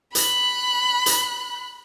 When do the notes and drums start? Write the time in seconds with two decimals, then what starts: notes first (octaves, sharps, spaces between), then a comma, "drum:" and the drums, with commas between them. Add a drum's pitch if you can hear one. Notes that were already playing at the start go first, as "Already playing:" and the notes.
0.15 B5 F#6, drum: hi-hat
1.06 drum: hi-hat